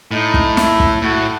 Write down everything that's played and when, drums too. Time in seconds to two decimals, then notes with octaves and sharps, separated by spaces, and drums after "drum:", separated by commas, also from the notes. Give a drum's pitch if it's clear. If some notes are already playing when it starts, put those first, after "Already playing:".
0.11 A2 D#4
0.34 drum: kick
0.57 E4, drum: snare
0.80 drum: kick
1.02 A2 F#4